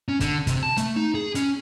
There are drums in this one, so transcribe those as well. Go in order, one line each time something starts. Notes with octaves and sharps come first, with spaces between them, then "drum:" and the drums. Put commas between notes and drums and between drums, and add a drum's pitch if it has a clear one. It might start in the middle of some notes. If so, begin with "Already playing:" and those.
C#4
D3, drum: kick, hi-hat
C3, drum: kick, hi-hat
A5
A3, drum: hi-hat
D#4
G#4
C#4, drum: hi-hat